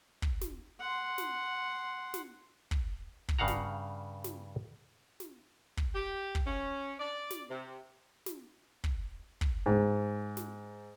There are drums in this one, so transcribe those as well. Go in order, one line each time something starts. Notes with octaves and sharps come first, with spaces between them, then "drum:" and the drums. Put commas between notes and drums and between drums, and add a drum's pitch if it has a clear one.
drum: kick
drum: snare
F#5 C6
drum: snare
drum: snare
drum: kick
drum: kick
G2 C#3 F5 F#5 A#5
drum: snare
drum: snare
drum: snare
drum: kick
G4
drum: kick
C#4
D5
drum: snare
C3
drum: snare
drum: kick
drum: kick
G#2
drum: snare